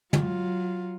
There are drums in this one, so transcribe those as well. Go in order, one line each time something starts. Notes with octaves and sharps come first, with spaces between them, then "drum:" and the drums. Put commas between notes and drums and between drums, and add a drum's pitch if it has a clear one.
F#3 F4, drum: tom